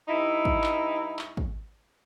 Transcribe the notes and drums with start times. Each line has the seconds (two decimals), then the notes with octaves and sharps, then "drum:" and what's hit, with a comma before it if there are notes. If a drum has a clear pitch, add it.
0.08 G2 D#4 E4
0.45 drum: kick
0.64 drum: clap
1.19 drum: clap
1.37 drum: kick